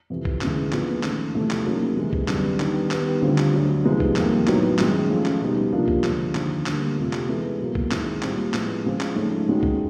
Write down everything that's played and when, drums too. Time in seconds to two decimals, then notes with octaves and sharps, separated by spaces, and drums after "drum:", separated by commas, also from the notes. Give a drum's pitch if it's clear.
0.10 F2 C3 E3
0.25 drum: kick B1
0.41 D2 C#3 E3 G#3, drum: clap
0.72 A#2 F3 G#3 B3 D4, drum: clap
1.03 D#2 C#3 F3 A3, drum: clap
1.35 E2 C3 F3 A3
1.50 drum: clap
1.66 C#3 F#3 A#3 D#4 G#4
1.97 C3 E3 G#3
2.13 drum: kick B1
2.28 F#2 D3 G3 B3 D4, drum: clap
2.60 D#3 G3 B3 D4, drum: clap
2.91 D#3 G3 B3, drum: clap
3.22 D2 D3 G3 C4 F4
3.38 drum: clap
3.54 D2 D3 F#3
3.84 C3 F3 G#3 B3 D#4
4.00 drum: kick B1
4.16 F2 C3 D#3 G3 A#3, drum: clap
4.47 A2 F#3 B3 D#4, drum: clap
4.78 F#2 D#3 G#3, drum: clap
5.10 C#3 F3 A3 C#4 F4
5.25 drum: clap
5.42 B2 G3 B3 D#4
5.72 C3 F3 A#3 D4 F4
5.88 drum: kick B1
6.04 D3 F3 G#3, drum: clap
6.35 D#2 D3 F3, drum: clap
6.66 D2 D3 G3 A#3, drum: clap
6.97 F2 C3 F3 A3
7.13 drum: clap
7.29 E3 G#3 B3 E4 A4
7.60 B2 F#3 A#3
7.75 drum: kick B1
7.91 D#3 G#3 C4 E4, drum: clap
8.22 A#2 G3 C4, drum: clap
8.54 A2 F3 G#3 B3, drum: clap
8.85 C#3 F3 G#3 C4 F4
9.00 drum: clap
9.16 G#2 F3 A3 C#4
9.47 D#2 D#3 G#3 C#4 F#4
9.63 drum: kick B1